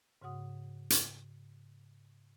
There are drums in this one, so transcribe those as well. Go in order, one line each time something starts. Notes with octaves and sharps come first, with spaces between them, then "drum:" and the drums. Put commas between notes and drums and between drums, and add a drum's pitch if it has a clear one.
G#2 C#3 F#4 F#5 D#6
drum: hi-hat